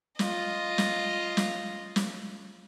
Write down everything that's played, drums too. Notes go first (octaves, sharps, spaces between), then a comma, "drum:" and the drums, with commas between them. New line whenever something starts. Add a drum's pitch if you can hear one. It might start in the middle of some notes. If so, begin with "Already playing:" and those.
F4 D#5, drum: snare
drum: snare
drum: snare
drum: snare